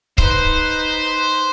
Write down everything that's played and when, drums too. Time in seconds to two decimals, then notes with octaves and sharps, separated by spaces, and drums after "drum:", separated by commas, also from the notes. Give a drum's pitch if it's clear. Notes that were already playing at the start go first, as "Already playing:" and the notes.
0.18 D#4 B4 C5, drum: kick C#1